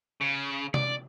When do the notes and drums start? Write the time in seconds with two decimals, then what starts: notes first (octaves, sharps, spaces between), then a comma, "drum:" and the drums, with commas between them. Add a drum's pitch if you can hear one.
0.21 C#3
0.74 D5, drum: tom C3